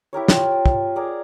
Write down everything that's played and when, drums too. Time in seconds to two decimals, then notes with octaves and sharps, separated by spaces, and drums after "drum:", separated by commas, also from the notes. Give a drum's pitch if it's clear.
0.13 E4 G4 A#4 C#5
0.28 F4, drum: snare
0.66 drum: kick
0.96 G#4 A#4 D5 F#5